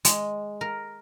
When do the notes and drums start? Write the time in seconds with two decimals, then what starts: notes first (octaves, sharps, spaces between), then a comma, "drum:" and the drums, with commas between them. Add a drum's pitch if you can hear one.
0.05 G#3, drum: hi-hat
0.61 A#4